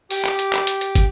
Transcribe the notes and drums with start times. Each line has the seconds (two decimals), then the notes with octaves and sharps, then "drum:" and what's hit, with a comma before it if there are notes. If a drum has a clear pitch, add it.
0.11 G4 D6, drum: open hi-hat
0.25 drum: clap
0.39 drum: hi-hat
0.53 drum: clap
0.67 drum: hi-hat
0.81 drum: hi-hat
0.95 drum: kick, hi-hat